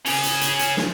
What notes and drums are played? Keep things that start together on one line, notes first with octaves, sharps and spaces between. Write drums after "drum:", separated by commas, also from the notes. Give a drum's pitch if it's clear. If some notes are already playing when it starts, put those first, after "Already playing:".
C#4 G#4, drum: open hi-hat
drum: hi-hat
drum: hi-hat
drum: hi-hat
drum: snare